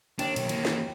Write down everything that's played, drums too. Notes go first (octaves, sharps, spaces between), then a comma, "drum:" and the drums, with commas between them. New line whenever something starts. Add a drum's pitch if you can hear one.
D#2 D4, drum: cymbal
B1, drum: cymbal
E3 A#3, drum: cymbal
drum: snare